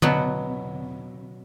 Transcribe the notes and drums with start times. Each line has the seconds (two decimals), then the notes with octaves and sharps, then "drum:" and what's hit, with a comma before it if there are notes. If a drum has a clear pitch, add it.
0.02 B2 F#3 B3, drum: tom D3